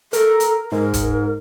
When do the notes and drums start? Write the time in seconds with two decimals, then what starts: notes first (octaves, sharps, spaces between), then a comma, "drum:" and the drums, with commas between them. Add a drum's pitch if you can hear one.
0.13 A4 A#4, drum: hi-hat
0.40 drum: hi-hat
0.72 G#2 A#4
0.94 drum: kick, hi-hat